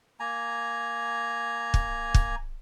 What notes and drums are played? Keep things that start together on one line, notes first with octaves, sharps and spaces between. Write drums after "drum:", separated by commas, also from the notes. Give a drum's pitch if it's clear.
A#3 G#5 A#5
drum: kick
drum: kick